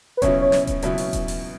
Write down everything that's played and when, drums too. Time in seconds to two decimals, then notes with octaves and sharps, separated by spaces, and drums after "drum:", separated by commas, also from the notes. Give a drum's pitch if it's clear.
0.17 B4
0.22 C#2 B2 F#3 C#4 E4 C#5, drum: kick D#1, hi-hat
0.42 C#5
0.52 drum: snare
0.67 drum: kick D#1, hi-hat
0.82 C#2 B2 F#3 C#4 E4, drum: hi-hat
0.98 drum: open hi-hat
1.13 drum: kick D#1, hi-hat
1.28 drum: open hi-hat